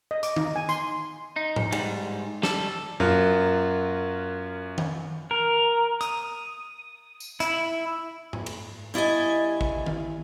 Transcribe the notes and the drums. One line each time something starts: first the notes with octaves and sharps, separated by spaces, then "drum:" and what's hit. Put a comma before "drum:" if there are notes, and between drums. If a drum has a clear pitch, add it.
D#5
D6, drum: hi-hat
D#4, drum: tom D#3
G#5
C6, drum: tambourine
D#4
drum: tom G#2
G#2 G3, drum: cymbal
G3 A4, drum: snare
F#2 F#3 A#3 F4
drum: tom D#3
A#4
D#6, drum: hi-hat
drum: tambourine
E4, drum: hi-hat
drum: tom G#2
drum: cymbal
G2 E4 D5 D#5 G#5
drum: kick
drum: tom D#3